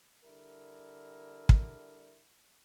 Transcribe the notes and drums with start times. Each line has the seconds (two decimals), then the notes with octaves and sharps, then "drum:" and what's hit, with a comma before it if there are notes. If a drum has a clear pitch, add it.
0.24 D3 G3 E4 A#4
1.49 drum: kick